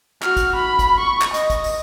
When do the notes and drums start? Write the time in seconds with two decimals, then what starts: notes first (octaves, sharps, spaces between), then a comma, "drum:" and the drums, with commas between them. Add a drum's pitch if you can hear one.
0.22 F#4 F6, drum: clap
0.37 drum: kick, hi-hat
0.56 B5
0.79 drum: kick, hi-hat
1.00 C#6
1.21 drum: clap
1.34 D#5, drum: hi-hat
1.50 drum: kick, hi-hat
1.64 drum: open hi-hat